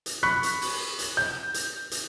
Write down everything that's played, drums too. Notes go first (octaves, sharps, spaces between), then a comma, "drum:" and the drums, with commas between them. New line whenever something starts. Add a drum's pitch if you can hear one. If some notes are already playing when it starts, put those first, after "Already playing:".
drum: hi-hat
B5 C#6 F#6 B6
drum: hi-hat
drum: open hi-hat
drum: hi-hat
G6
drum: hi-hat
drum: hi-hat